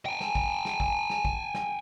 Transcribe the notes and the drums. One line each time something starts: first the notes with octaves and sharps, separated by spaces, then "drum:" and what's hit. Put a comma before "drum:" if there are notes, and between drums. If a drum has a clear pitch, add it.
G5 G#5
drum: snare
drum: kick
drum: snare
drum: kick
drum: snare
drum: kick
drum: snare